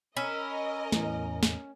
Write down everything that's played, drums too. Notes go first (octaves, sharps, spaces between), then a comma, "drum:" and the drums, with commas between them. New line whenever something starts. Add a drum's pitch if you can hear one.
C#4 A#4 D#5 B5 E6
E2 A2 E3, drum: snare
drum: snare